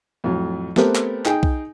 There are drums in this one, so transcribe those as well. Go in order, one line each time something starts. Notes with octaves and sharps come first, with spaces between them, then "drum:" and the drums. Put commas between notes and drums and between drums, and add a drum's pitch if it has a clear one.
F2 A2 F#3
A3 B3 C4 G4 A#4 B4, drum: snare
drum: clap
D#4 G#4 G5, drum: clap
drum: kick B1